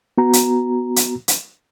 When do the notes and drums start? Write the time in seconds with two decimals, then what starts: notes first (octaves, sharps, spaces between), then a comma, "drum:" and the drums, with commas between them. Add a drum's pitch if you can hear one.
0.18 B3 F#4 A#5
0.33 drum: hi-hat
0.96 drum: hi-hat
1.28 drum: hi-hat